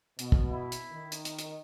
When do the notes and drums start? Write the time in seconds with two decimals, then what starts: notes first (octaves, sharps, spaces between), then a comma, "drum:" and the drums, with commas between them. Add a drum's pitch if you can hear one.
0.19 B2, drum: hi-hat
0.32 drum: kick
0.51 E4
0.72 drum: hi-hat
0.92 D#3
1.12 drum: hi-hat
1.25 drum: hi-hat
1.39 drum: hi-hat